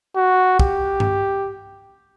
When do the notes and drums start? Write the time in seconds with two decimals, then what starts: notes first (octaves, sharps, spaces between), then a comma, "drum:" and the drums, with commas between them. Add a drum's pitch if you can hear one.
0.16 F#4
0.59 G4, drum: kick
1.00 drum: tom G2